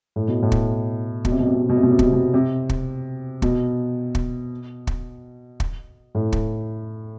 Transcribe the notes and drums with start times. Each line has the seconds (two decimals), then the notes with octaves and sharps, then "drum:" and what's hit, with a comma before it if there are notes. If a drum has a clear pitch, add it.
0.16 A2
0.28 B2
0.42 A2
0.52 drum: kick
1.25 B2, drum: kick
1.32 C3
1.40 B2
1.47 C3
1.54 B2
1.62 C3
1.69 B2
1.77 C3
1.83 B2
1.91 C3
1.99 B2, drum: kick
2.05 C3
2.13 B2
2.34 C3
2.69 drum: kick
3.42 B2, drum: kick
4.15 drum: kick
4.87 drum: kick
5.60 drum: kick
6.15 A2
6.32 drum: kick